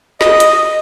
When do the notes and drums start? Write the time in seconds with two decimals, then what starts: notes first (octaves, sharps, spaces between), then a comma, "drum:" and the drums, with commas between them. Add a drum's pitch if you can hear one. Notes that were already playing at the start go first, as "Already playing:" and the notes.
0.21 D#5, drum: snare
0.40 drum: hi-hat